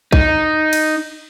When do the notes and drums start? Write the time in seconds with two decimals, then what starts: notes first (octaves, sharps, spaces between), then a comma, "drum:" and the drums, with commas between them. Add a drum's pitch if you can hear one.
0.13 D#4, drum: kick
0.73 drum: cymbal